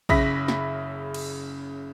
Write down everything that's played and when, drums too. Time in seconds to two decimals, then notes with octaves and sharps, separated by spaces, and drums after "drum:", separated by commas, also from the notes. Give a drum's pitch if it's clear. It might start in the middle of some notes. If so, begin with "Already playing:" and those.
0.09 F#1 C#3 E5 B5 A#6 B6, drum: kick
0.48 drum: snare
1.14 drum: cymbal